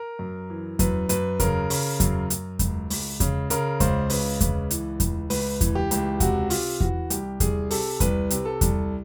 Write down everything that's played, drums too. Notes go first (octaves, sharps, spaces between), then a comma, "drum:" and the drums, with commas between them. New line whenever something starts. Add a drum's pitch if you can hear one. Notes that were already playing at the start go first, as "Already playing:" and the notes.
Already playing: A#4
F#2
E3
F#2 B4, drum: kick E2, hi-hat
F#2 B4, drum: hi-hat
C#3 A#4, drum: kick E2, hi-hat
C#3, drum: open hi-hat
F#2, drum: kick E2, hi-hat
F#2, drum: hi-hat
C#2, drum: kick E2, hi-hat
C#2, drum: open hi-hat
C#3, drum: kick E2, hi-hat
C#3 A#4, drum: hi-hat
C#2 C5, drum: kick E2, hi-hat
C#3 B4, drum: open hi-hat
C#2 B4, drum: kick E2, hi-hat
E3, drum: hi-hat
C#2, drum: kick E2, hi-hat
C#2 B4, drum: open hi-hat
E3, drum: kick E2, hi-hat
G4
C#2, drum: hi-hat
C3 F#4, drum: kick E2, hi-hat
C3 F4, drum: open hi-hat
E3 F#4, drum: kick E2
C2 G4, drum: hi-hat
C2 G#4, drum: kick E2, hi-hat
C3 A4, drum: open hi-hat
C2 B4, drum: kick E2, hi-hat
C3, drum: hi-hat
A4
C2, drum: kick E2, hi-hat